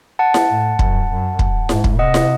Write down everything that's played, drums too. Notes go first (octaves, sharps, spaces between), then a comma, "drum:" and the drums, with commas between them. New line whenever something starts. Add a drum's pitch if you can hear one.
F#5 A5
drum: snare E4
A2
F#2, drum: kick
F#2
drum: kick
G#2, drum: snare E4
drum: kick
C3 D#5 F#5
drum: snare E4